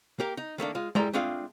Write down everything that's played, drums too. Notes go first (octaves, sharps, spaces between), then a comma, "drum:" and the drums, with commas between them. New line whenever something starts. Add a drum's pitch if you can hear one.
A#3 G4 A#4
D#4
D#3 A3 A#3 D4
G#3 F4
G3 G#3 E4 D5 A#5 C6, drum: tom G#3
A3 C4 D4 F4 G#4 F5